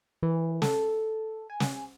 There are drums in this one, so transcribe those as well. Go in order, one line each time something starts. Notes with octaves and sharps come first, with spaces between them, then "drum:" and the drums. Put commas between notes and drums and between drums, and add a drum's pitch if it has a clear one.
E3
A4, drum: snare
G#5
drum: snare